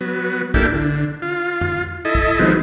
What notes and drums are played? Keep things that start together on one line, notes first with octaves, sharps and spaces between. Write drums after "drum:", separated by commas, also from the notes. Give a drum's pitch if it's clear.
F#3 B3
A#3 D4 E4 G4 A4, drum: kick
D3
F4
drum: tom F2
E4 A4 D#5
drum: kick
D#3 F3 F#3 G#3 B3 C4